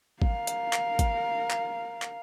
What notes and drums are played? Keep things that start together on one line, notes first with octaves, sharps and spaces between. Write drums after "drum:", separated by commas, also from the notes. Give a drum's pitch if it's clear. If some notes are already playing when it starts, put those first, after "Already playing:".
A#4 F5, drum: kick
drum: hi-hat
drum: clap
drum: kick, hi-hat
drum: clap
drum: clap